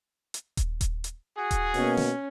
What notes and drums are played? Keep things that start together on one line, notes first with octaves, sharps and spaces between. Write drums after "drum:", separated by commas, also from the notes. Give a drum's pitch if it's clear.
drum: hi-hat
drum: kick D#1, hi-hat
drum: kick D#1, hi-hat
drum: hi-hat
F#4 G#4
drum: kick D#1, hi-hat
B2 A#3 C#4, drum: open hi-hat
drum: snare